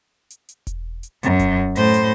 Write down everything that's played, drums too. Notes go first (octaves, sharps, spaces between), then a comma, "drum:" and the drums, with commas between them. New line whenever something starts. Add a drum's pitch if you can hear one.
drum: hi-hat
drum: hi-hat
drum: kick E1, hi-hat
drum: hi-hat
F#2, drum: hi-hat
drum: kick E1, hi-hat
A2 C5, drum: hi-hat
drum: hi-hat